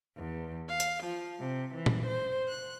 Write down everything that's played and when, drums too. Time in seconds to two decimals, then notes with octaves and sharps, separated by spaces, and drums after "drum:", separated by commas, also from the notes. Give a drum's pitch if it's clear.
0.16 E2
0.68 F5
0.80 drum: hi-hat
1.02 F3
1.39 C3
1.74 E3
1.86 drum: tom A#2
2.05 C5
2.48 F#6